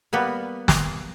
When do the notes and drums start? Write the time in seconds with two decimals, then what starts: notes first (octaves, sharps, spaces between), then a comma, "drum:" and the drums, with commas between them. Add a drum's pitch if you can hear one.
0.13 G3 A#3 B3
0.68 drum: snare